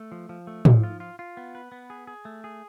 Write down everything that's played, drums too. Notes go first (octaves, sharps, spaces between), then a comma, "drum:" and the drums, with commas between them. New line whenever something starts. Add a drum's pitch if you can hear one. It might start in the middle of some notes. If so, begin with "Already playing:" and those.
Already playing: A3
F3
F3
A3
F3, drum: tom
F4
F4
F4
B3
B4
B3
G#4
G#4
A3
G#4